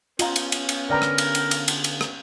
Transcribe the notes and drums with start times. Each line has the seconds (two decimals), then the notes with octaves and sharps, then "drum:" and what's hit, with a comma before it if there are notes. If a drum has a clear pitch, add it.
0.19 B3 C#4 F4 D#5 A#5, drum: cymbal
0.36 drum: cymbal
0.52 drum: cymbal
0.69 drum: cymbal
0.90 D3 A#4 B4 D5 G5 A#5
1.02 drum: rim click
1.18 drum: cymbal
1.35 drum: cymbal
1.51 drum: cymbal
1.68 drum: cymbal
1.84 drum: cymbal
2.01 drum: rim click